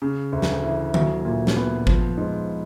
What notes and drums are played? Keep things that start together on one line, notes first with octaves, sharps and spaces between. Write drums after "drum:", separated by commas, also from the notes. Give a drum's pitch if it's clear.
C#3
D2
drum: snare
E3
F#3, drum: tom D3
A#2
drum: snare
B3
F3, drum: kick G#1
G#2